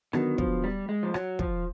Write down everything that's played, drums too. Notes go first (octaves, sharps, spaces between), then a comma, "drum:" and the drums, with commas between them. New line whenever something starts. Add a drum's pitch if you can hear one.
D3 D#3 F#3 B3, drum: rim click
F3, drum: kick
G3
G#3
F3
F#3, drum: rim click
F3, drum: kick